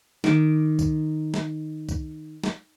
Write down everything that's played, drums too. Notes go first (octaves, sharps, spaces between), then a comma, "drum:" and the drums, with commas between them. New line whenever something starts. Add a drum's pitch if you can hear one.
D#3 D6, drum: snare
drum: kick, tambourine
drum: snare
drum: kick, tambourine
drum: snare